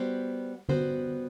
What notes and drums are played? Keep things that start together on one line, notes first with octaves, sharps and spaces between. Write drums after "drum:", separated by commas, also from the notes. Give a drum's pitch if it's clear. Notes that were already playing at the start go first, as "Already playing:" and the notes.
Already playing: G3 B3 F#4 C5
G3 B3 F#4 C5, drum: tom D3